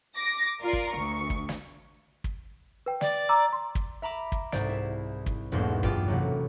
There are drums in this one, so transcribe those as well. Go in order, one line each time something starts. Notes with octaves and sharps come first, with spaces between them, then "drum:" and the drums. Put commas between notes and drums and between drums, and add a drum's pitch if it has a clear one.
D6 A#6
F4 A#4 D5
drum: kick
D2 C#6
drum: kick
drum: snare
drum: kick
B4 G5
D5, drum: snare
A#5 D6 E6
C6
drum: kick
E5 A#5 B5 D6
drum: kick
C2 G#2 C5 D5 D7, drum: snare
E4
drum: kick
E1 B1 E2 G#2 A#3 C6
E2 G2 F4 G5 D6, drum: kick
A1 C3 F#3